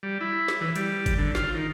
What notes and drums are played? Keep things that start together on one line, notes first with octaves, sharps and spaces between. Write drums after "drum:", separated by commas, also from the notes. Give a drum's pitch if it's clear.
G3
E4
drum: snare
E3
G3, drum: hi-hat
drum: kick G1, hi-hat
D3
F4, drum: snare
D#3